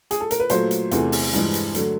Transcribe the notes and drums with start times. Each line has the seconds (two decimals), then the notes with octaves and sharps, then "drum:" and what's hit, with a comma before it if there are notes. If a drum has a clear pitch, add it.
0.11 G#4, drum: hi-hat
0.20 A4
0.31 A#4, drum: hi-hat
0.40 B4
0.49 A#2 F#3 A3 C5, drum: hi-hat
0.71 drum: hi-hat
0.91 E2 C3 E3 A3, drum: hi-hat
1.12 drum: open hi-hat
1.33 G2 E3 G#3, drum: hi-hat
1.54 drum: hi-hat
1.75 D3 F#3 A3, drum: hi-hat